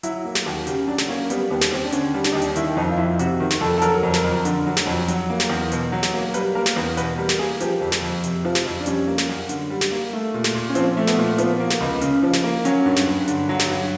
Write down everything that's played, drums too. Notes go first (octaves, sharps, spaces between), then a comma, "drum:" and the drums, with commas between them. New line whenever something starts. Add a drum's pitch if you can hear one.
F#3 E4, drum: hi-hat
A#3
drum: snare
D#2 F#4
C#3 G4, drum: hi-hat
F#3 D4
drum: snare
A#3 C#4
G3 B3, drum: hi-hat
D#2 B3
drum: snare
D#2 C4
D4
D3 C#4, drum: hi-hat
G3
D4, drum: snare
D#2 D#4
D4, drum: hi-hat
D#3 E4, drum: hi-hat
F2 D#4
F4
F2 E4
C3 F#4, drum: hi-hat
D#3
drum: snare
F2 A4
A4
F#3 A#4, drum: hi-hat
F2
drum: snare
F2
D3, drum: hi-hat
F#3
drum: snare
F2
F#3, drum: hi-hat
A#3
drum: snare
E2
B2, drum: hi-hat
F#3
drum: snare
A#3
G3 B4, drum: hi-hat
A#3 A#4
drum: snare
E2 B4
B2 B4, drum: hi-hat
G3 A#4
drum: snare
A#3 G#4
F3 G4, drum: hi-hat
F2
drum: snare
F2
C3, drum: hi-hat
F3
drum: snare
F2
D4
G3 C#4, drum: hi-hat
A#3
drum: snare
F#2
D3, drum: hi-hat
G3
drum: snare
A#3
A3
A#2
drum: snare
A#2
C#4
F3 C4, drum: hi-hat
A3
B3, drum: snare
A#2
F3 B3, drum: hi-hat
A#3
drum: snare
C#2
C#3, drum: hi-hat
F3
drum: snare
A#3
F#3 C#4, drum: hi-hat
G2
drum: snare
G2
D3, drum: hi-hat
F#3
drum: snare
G2